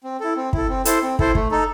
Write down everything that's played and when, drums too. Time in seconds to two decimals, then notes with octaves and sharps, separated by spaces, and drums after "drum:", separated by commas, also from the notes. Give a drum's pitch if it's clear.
0.04 C4
0.20 E4 A4
0.36 C4
0.53 E4 A4, drum: kick
0.69 C4
0.85 E4 A4 C5, drum: hi-hat
1.03 C4
1.19 E4 A4 C5, drum: kick
1.35 A3, drum: kick
1.51 D#4 A4